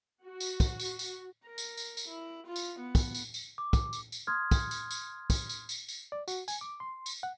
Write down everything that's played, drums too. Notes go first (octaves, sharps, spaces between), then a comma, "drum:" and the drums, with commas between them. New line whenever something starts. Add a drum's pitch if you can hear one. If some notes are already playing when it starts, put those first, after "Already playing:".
F#4
drum: tambourine
drum: kick, tambourine
drum: tambourine
drum: tambourine
A#4
drum: tambourine
drum: tambourine
drum: tambourine
E4
F4
drum: tambourine
B3
drum: kick, tambourine
drum: tambourine
drum: tambourine
D6
drum: kick, tambourine
drum: tambourine
drum: tambourine
C6 D#6 F6 G#6
drum: kick, tambourine
drum: tambourine
drum: tambourine
drum: kick, tambourine
drum: tambourine
drum: tambourine
drum: tambourine
D5
F#4, drum: tambourine
G#5, drum: tambourine
D6
C6
drum: tambourine
F#5